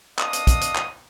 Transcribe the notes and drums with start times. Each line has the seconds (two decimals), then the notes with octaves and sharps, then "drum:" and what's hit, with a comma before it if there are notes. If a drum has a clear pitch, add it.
0.19 D4 D#5 F5 D#6, drum: clap
0.33 drum: hi-hat
0.47 drum: kick, hi-hat
0.61 drum: hi-hat
0.76 drum: clap